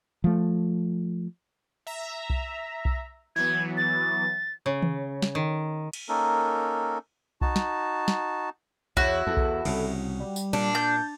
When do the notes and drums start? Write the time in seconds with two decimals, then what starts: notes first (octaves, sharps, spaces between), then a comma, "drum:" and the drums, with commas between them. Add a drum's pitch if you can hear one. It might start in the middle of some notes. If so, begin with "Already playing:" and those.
0.24 F3 A3
1.87 E5 A#5
2.30 drum: kick B1
2.85 drum: kick B1
3.36 E3 F#3 B3 G#6
3.77 A6
4.66 C#3
4.82 drum: tom D#3
5.22 drum: snare
5.35 D#3
5.93 drum: cymbal
6.09 A#3 C#4 D#4 A4 A#4
7.41 D#4 F#4 A5, drum: kick B1
7.56 drum: snare
8.08 drum: snare
8.97 E2 E4 F#4 C#5, drum: kick B1
9.27 E2 A4
9.37 drum: kick B1
9.65 C2 C#3, drum: cymbal
10.19 G3
10.36 drum: tambourine
10.53 A#2 D4, drum: cymbal
10.75 G6 A6